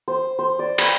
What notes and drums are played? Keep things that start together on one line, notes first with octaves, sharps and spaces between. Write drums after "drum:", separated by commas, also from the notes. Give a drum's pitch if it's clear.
C5
C5
D5
B4, drum: cymbal